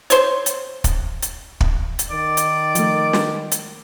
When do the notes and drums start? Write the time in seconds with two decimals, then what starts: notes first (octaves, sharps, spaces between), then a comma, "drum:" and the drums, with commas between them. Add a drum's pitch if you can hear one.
0.10 C5 C#5, drum: hi-hat
0.46 drum: hi-hat
0.84 drum: kick, hi-hat
1.22 drum: hi-hat
1.61 drum: kick
1.99 drum: hi-hat
2.11 D#3 D5
2.37 drum: hi-hat
2.75 F3 A3, drum: hi-hat
3.13 drum: snare
3.52 drum: hi-hat